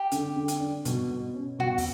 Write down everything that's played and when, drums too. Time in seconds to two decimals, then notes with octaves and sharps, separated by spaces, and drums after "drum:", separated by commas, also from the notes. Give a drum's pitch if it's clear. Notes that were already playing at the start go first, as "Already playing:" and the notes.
Already playing: G4
0.12 D3, drum: hi-hat
0.36 D3
0.48 drum: hi-hat
0.60 D4
0.85 B2, drum: hi-hat
1.11 B2
1.34 C#4
1.59 B2 F#4
1.78 drum: kick, open hi-hat